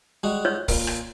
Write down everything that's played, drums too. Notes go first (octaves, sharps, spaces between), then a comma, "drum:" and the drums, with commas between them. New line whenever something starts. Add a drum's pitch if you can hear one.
G3 G#3 F#4
C#5
A#2 A#4, drum: kick, open hi-hat
drum: rim click